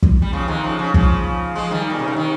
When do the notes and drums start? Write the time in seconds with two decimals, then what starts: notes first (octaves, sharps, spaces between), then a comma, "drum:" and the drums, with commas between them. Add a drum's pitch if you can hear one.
0.03 drum: kick
0.22 G3
0.33 C#3 F3
0.48 C3 D#3
0.64 C#3 F3
0.79 C#3
0.94 C#3 F3, drum: kick
1.55 F3 G#3
1.71 D#3 G3
1.90 A#2
1.99 C3
2.08 C#3
2.16 C3 D#3